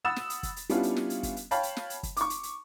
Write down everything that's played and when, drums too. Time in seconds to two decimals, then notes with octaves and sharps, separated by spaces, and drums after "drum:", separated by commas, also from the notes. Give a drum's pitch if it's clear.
0.04 F#5 B5 D#6 E6 A6 E7
0.16 drum: snare
0.30 drum: hi-hat
0.43 drum: kick, hi-hat
0.56 drum: hi-hat
0.69 G3 B3 C#4 D4 E4 F4, drum: hi-hat
0.83 drum: hi-hat
0.96 drum: snare
1.10 drum: hi-hat
1.23 drum: kick, hi-hat
1.37 drum: hi-hat
1.51 C#5 F5 G5 A5 B5, drum: hi-hat
1.63 drum: hi-hat
1.77 drum: snare
1.90 drum: hi-hat
2.03 drum: kick, hi-hat
2.17 C#6 D6, drum: hi-hat
2.30 drum: hi-hat
2.43 drum: hi-hat